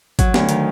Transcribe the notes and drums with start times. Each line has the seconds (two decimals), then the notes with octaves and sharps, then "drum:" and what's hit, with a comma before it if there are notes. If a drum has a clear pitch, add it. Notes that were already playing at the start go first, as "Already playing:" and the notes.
0.19 F#3, drum: kick, hi-hat
0.34 D2, drum: snare B3
0.49 D#3, drum: hi-hat